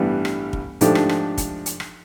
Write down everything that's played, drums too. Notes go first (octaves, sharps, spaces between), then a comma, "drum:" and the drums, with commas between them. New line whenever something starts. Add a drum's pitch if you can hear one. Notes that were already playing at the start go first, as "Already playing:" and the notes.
Already playing: A1 G2 E3 G3 B3
drum: rim click
drum: kick
G#2 F3 A3 D4 G4, drum: hi-hat
drum: rim click
drum: rim click
drum: kick, hi-hat
drum: hi-hat
drum: rim click